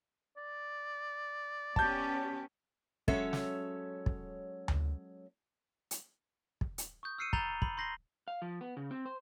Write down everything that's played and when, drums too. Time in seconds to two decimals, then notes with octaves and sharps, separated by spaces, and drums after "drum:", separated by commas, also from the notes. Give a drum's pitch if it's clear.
0.37 D5
1.76 B3 C#4 G4 A5 G6, drum: kick
3.08 F#3 G#3 C#4 A4 C#5 E5, drum: kick
3.33 drum: snare
4.06 drum: kick
4.68 drum: tom D2
5.91 drum: hi-hat
6.61 drum: kick
6.78 drum: hi-hat
7.03 C#6 D#6 G6
7.18 E6 F6 C7 C#7 D#7
7.33 A#5 B5 G6 A6 F7 G7, drum: kick
7.62 B5 F#7, drum: kick
7.77 C6 G6 A#6 C7 F#7 G7
8.28 F5
8.42 F3
8.61 B3
8.77 C#3
8.91 C4
9.06 C5